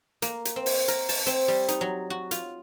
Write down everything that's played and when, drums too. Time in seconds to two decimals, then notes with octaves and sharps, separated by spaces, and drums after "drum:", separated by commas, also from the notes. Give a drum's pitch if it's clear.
0.22 A#3, drum: hi-hat
0.45 drum: hi-hat
0.56 C4
0.66 drum: open hi-hat
0.88 A#4, drum: hi-hat
1.09 A5, drum: open hi-hat
1.26 C4, drum: hi-hat
1.48 G3
1.68 D#4, drum: hi-hat
1.81 F#3
2.10 F#4
2.31 F4, drum: hi-hat